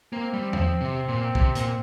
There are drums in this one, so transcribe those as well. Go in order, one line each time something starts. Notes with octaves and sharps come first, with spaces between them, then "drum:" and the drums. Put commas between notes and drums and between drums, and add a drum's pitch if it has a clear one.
A#3 C4
G3
F3, drum: tom E2
C3
A#2
C3, drum: kick B1
A#2, drum: hi-hat